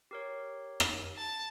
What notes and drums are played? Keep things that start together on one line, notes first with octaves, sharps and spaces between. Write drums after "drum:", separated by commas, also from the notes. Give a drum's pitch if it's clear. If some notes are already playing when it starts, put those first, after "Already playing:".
G4 A#4 C#5
drum: rim click
A5